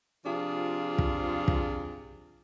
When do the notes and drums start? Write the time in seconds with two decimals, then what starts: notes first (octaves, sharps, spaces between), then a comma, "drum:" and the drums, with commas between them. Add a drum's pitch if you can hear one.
0.25 C3 F3 D4 F4 G#4
0.98 drum: kick
1.48 drum: kick